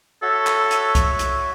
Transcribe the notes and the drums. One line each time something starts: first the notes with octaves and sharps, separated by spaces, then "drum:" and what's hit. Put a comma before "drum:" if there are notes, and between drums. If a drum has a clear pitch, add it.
F#4 A4 C#5 E5
drum: clap
drum: hi-hat
drum: kick C2, hi-hat
drum: hi-hat